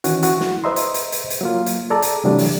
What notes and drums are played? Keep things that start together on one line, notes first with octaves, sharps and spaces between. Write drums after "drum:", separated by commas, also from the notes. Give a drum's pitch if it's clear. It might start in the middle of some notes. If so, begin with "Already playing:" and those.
D#3 E3 C#4 F#4, drum: hi-hat
E4 F#4 F#5, drum: hi-hat
drum: snare
B4 C5 D#5 E5 A#5 C6
drum: hi-hat
drum: hi-hat
drum: hi-hat
drum: hi-hat
F#3 A#3 F4
drum: hi-hat
G#4 A4 D5 A5 A#5
drum: hi-hat
C3 E3 F#3 G3 A3 D4
drum: open hi-hat